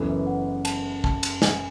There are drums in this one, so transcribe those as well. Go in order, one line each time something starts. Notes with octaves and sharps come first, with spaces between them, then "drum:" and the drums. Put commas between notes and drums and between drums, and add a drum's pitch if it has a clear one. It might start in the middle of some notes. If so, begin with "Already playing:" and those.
Already playing: F#1 F#2 E3 B3 A4
F#5
A5, drum: cymbal
A5, drum: kick
drum: cymbal
G#5, drum: snare